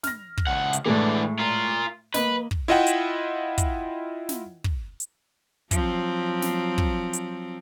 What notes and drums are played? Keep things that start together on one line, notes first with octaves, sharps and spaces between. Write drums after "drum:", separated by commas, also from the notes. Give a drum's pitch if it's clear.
F6 A#6, drum: snare
drum: kick
C#2 F#5
drum: hi-hat
A2 E3 G#3 A3 D4
F4 A#4
A#3 B4 D#5, drum: snare
drum: kick
E4 F4 D#5 E5 F#5 G5
drum: hi-hat
drum: kick, hi-hat
drum: snare
drum: kick
drum: hi-hat
F3 F#3 C4, drum: kick, hi-hat
drum: snare
drum: kick
drum: hi-hat